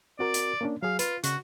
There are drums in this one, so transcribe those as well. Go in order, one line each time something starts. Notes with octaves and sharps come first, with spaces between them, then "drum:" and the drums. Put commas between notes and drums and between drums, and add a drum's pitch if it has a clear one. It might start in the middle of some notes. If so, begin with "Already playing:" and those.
C4 F#4 A#4 D5
drum: hi-hat
A#3 C#4 D4
F#3 G#4 F5
F4 B4, drum: hi-hat
C#3 F#4, drum: hi-hat